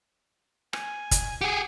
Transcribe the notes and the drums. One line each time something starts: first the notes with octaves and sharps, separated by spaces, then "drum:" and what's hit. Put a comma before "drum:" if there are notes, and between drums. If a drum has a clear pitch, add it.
G#5, drum: rim click
drum: kick F#1, hi-hat
G4 G#4 F#5